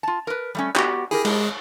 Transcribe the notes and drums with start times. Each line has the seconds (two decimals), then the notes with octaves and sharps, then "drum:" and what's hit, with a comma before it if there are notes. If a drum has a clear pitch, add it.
0.03 F4 A5
0.27 A#4 B4
0.55 G3 A3 C#4
0.76 B3 F#4 G4, drum: clap
1.11 E4 G4 G#4 A#4
1.25 G#3, drum: cymbal